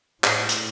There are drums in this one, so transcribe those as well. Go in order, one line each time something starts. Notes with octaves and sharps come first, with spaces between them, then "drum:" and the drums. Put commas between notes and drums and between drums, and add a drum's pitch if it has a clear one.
A2, drum: clap
drum: hi-hat